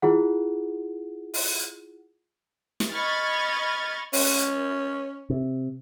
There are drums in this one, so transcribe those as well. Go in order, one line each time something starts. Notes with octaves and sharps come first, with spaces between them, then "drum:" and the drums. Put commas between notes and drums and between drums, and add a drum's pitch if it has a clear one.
E4 F4 G#4 F#5
drum: open hi-hat
drum: snare
D#5 B5 C#6 F6 G#6 A6
C#4, drum: open hi-hat
C3